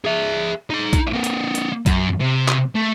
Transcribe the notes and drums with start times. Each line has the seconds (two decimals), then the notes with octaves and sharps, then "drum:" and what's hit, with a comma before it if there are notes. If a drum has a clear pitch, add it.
0.05 G#4 E5
0.70 D#4 C6
0.93 drum: kick A#1, hi-hat
1.13 A#3 C4
1.24 drum: hi-hat
1.55 drum: hi-hat
1.86 F#2, drum: kick A#1, hi-hat
2.20 C3
2.48 drum: clap
2.75 A3